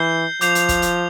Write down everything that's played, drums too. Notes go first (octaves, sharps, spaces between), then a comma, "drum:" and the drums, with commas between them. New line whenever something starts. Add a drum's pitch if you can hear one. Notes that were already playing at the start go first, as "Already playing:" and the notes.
Already playing: E3 G6 C7 G7
F3 D6 G6 C7 F7, drum: hi-hat
drum: hi-hat
drum: kick, hi-hat
drum: hi-hat